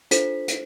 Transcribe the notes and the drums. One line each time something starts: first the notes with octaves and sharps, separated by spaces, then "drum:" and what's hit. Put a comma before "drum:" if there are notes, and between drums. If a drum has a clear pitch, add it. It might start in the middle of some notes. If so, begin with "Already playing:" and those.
D4 F4 A4 C5 B6, drum: hi-hat
drum: hi-hat